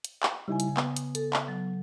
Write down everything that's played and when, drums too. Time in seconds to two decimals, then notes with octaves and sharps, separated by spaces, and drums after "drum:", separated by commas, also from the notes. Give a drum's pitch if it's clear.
0.04 drum: hi-hat
0.23 drum: clap
0.48 C#3 G3 D#4 E4 G#5
0.60 drum: hi-hat
0.77 B3, drum: clap
0.97 drum: hi-hat
1.15 A4, drum: hi-hat
1.33 drum: clap
1.48 F#3